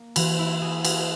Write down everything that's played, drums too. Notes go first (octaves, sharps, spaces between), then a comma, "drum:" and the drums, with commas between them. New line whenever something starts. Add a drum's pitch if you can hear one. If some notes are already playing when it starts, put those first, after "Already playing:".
Already playing: A#3
E3, drum: cymbal
E4
G#4
G#4, drum: cymbal